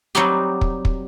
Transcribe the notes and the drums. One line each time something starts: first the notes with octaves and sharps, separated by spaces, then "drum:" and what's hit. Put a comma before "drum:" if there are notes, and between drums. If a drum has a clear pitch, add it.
F#3 G3 C4 D#4 F#4 G4
drum: kick
drum: kick